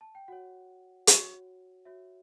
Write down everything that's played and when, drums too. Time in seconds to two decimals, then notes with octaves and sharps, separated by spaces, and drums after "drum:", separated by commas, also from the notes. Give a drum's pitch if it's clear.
0.01 A5
0.15 G5
0.28 F#4 C#5 F#5
1.07 F#4 C#5, drum: hi-hat
1.85 F#4 C#5 E5